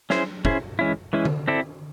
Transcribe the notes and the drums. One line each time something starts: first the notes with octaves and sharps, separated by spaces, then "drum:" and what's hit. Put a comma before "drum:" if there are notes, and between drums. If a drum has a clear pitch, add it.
C#4 E4 G#4 C5, drum: snare
C#4 E4 G#4 C5, drum: kick
E3 G#3 C#4 E4
E3 G#3 C#4 E4
drum: tom D3
C4 E4 A4 D5